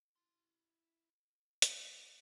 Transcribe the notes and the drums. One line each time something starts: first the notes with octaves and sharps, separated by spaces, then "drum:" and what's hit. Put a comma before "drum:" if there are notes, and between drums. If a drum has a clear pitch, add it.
E4 C6
G#3, drum: hi-hat